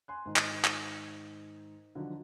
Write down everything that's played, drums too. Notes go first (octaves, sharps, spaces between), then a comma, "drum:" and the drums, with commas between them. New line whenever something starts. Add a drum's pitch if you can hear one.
G#5 C6 F#6
G#2 D#3
drum: clap
drum: clap
D3 D#3 F3 F#3